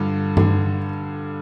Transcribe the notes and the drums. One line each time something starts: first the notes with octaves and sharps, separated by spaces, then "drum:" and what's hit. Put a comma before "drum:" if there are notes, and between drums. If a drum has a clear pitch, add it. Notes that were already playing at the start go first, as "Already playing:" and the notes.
Already playing: G2 D3 F4
D3, drum: tom G2